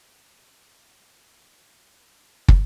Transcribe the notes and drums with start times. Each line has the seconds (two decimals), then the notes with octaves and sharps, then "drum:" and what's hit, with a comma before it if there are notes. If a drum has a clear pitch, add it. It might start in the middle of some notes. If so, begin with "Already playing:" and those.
0.12 A#4 D5 B5
0.51 C3 F#3 A#3 C4 A#4
0.73 D4
1.41 F3 F#3 F#4 G#4
2.48 drum: kick